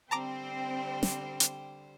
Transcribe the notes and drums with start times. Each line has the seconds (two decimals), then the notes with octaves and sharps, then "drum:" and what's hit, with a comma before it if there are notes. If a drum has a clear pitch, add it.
0.11 D3 G3 C4 C5 G5 A5 A#5 D6
1.03 drum: snare
1.40 drum: hi-hat